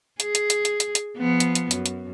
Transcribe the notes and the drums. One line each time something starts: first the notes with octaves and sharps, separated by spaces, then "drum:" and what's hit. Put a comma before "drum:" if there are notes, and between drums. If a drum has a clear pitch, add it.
G#4, drum: hi-hat
drum: hi-hat
drum: hi-hat
drum: hi-hat
drum: hi-hat
drum: hi-hat
F3 B3
drum: hi-hat
drum: hi-hat
F#2, drum: hi-hat
drum: hi-hat